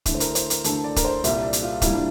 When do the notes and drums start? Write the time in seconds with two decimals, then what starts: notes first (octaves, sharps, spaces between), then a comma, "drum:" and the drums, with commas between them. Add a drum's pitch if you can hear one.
0.06 D2 D3 A3 E4, drum: kick D#1, hi-hat
0.15 C5
0.20 A#4, drum: hi-hat
0.31 A#4
0.35 C5, drum: hi-hat
0.50 A#4, drum: hi-hat
0.64 D2 D3 A3 A4, drum: hi-hat
0.84 D5
0.96 A#4, drum: kick D#1, hi-hat
1.05 C5
1.24 C2 A#2 G3 E5, drum: hi-hat
1.42 D5
1.53 drum: hi-hat
1.62 F4
1.82 C2 A#2 G3 E4, drum: kick D#1, hi-hat
1.93 D4